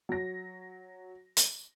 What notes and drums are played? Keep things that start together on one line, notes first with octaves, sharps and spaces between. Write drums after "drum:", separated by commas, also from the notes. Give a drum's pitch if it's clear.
F#3 A#6
drum: hi-hat